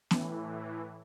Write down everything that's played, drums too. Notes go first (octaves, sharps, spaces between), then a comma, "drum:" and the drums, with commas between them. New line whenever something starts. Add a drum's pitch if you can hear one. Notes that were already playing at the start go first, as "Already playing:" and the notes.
A2 E3, drum: snare B3